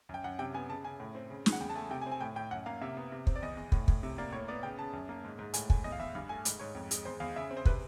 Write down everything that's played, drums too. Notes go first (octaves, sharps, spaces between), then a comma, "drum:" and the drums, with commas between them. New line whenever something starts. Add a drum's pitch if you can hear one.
F#2 G5
F#2 F#5
C3 G5
B3 G#5
C#3 A5
C#3 G#5
A2
C4
C#3
C#3, drum: snare
F#5
E2 G5
A5
A3 G#5
C3 G5
G#5
C4
G#5
A2 G5
A2 G5
F#2 F#5
A#3 F5
C3 E5
B3
C3
C4, drum: kick
D5
E2 D#5
E2
A2, drum: kick
A2, drum: kick
C3
A#3 D5
A2 C#5
B3 D5
C#3 G5
C#3 A5
F#2
A#3
G#2
G#2
A2 G#5, drum: hi-hat
A2 G#5, drum: kick
E2 D#5
F5
E2 E5
G2 F5
A3 G#5
G#2, drum: hi-hat
G#2 C#5
F2
G#3, drum: hi-hat
E2 C5
E2 F5
C#3 E5
C4
C5
C3 B4, drum: kick